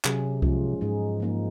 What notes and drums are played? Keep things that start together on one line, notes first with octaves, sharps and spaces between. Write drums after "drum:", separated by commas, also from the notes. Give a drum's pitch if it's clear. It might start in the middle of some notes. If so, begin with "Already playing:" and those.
C3 F#3 C#4 G#4, drum: clap
F3 G#3 C#4 F4, drum: kick C2
G#2 G#3 D#4 G#4
F3 A#3 D#4